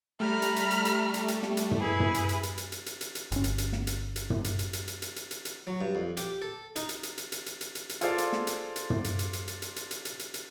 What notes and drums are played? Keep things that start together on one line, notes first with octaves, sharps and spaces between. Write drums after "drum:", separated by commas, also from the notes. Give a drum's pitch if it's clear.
G3 A3 A#5 B5 F6
drum: hi-hat
drum: hi-hat
drum: hi-hat
drum: hi-hat
drum: hi-hat
drum: hi-hat
drum: snare
drum: hi-hat
drum: tom
E4 G#4 B4
drum: tom
drum: hi-hat
drum: hi-hat
drum: hi-hat
drum: hi-hat
drum: hi-hat
drum: hi-hat
drum: hi-hat
drum: hi-hat
G1 C#4, drum: hi-hat
drum: hi-hat
drum: hi-hat
drum: snare
drum: hi-hat
drum: hi-hat
drum: tom
drum: hi-hat
drum: hi-hat
drum: hi-hat
drum: hi-hat
drum: hi-hat
drum: hi-hat
drum: hi-hat
drum: hi-hat
F#3
G2
F2
G4, drum: hi-hat
A4
D#4, drum: hi-hat
drum: hi-hat
drum: hi-hat
drum: hi-hat
drum: hi-hat
drum: hi-hat
drum: hi-hat
drum: hi-hat
drum: hi-hat
F4 G#4 A4 C5 D5 F5, drum: hi-hat
drum: hi-hat
drum: snare
drum: hi-hat
drum: hi-hat
drum: tom
drum: hi-hat
drum: hi-hat
drum: hi-hat
drum: hi-hat
drum: hi-hat
drum: hi-hat
drum: hi-hat
drum: hi-hat
drum: hi-hat
drum: hi-hat